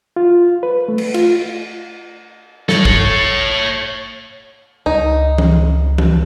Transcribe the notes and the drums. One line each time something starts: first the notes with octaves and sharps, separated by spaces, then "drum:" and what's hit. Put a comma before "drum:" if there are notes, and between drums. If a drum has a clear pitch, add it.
F4
B4
A3
drum: cymbal
F4, drum: cymbal
A4 C#5, drum: snare
drum: kick
C#2 D#4
drum: tom E3
drum: tom E3